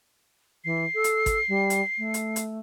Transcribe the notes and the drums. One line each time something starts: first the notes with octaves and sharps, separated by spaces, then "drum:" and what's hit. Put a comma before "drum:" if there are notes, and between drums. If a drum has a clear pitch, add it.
E3 C7
A4
drum: hi-hat
drum: kick G#1, hi-hat
G3
drum: hi-hat
A3
drum: hi-hat
drum: hi-hat